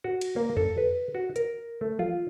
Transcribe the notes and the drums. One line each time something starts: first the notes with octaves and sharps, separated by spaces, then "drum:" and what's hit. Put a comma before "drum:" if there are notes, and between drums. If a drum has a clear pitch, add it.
F#4
drum: cymbal
A#3
A4, drum: tom F2
B4
F#4
A#4, drum: hi-hat
A3
F4, drum: tom E3